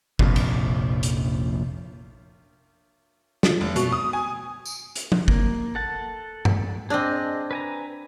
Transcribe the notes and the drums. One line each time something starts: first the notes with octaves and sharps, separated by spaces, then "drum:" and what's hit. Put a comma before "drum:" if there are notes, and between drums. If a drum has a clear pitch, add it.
F1 A#1 F2 A#2, drum: kick
drum: cymbal
drum: hi-hat
F3, drum: snare
F1
B2, drum: hi-hat
D#6
G#5
drum: tambourine
drum: hi-hat
drum: tom
A#3, drum: kick
A4 F#5 A5
drum: tom G2
C4 D4 G#4 D#5
B4 G#5 A#5